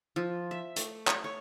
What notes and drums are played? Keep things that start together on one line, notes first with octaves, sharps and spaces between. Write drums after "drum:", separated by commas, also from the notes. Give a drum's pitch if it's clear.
F3
E5
A3, drum: hi-hat
drum: clap
C#5